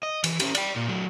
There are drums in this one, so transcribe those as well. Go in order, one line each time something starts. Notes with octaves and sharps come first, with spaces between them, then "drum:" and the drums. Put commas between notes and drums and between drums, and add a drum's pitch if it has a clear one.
D#5
E3, drum: cymbal
C#4 G4, drum: cymbal
D5 G5, drum: cymbal
A#2
F#3 A3